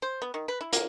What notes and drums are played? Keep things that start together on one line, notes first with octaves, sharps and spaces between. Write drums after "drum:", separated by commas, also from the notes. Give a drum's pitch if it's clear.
C5
B3
D#3
B4
E4
A#3, drum: hi-hat